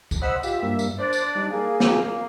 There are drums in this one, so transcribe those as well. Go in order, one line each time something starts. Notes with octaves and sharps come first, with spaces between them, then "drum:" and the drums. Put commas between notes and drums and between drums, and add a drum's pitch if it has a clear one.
drum: kick, tambourine
C5 D#5 F#5 B5 E6
F4 G4 E5, drum: tambourine
G2 A#3
drum: tambourine
D4 C5 D5
drum: tambourine
G3 D#4
A#3 G#4
drum: snare